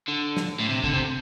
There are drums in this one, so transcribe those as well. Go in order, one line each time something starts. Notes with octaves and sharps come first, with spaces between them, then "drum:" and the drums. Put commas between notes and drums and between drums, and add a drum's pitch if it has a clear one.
D3
drum: snare
A2
C3
D3, drum: kick
C3